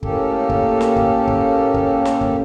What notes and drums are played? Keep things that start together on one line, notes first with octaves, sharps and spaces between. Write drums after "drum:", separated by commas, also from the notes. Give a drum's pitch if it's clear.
A2 A#3 C#4 G4 A4, drum: kick
drum: kick
drum: snare
drum: kick
drum: kick
drum: kick
drum: snare
drum: kick